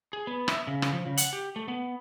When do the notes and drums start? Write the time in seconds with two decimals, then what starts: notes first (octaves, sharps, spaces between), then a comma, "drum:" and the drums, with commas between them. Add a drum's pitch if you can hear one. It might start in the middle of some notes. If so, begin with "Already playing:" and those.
0.13 G#4
0.27 B3
0.48 E5, drum: rim click
0.67 C#3
0.82 drum: rim click
0.93 F3
1.06 C#3
1.17 F#5, drum: hi-hat
1.33 G4
1.56 A3
1.68 B3